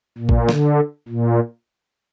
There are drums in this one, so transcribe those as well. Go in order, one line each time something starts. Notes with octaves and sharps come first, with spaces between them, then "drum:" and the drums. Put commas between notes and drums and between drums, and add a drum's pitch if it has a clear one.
A#2
drum: kick A1
D3, drum: snare
A#2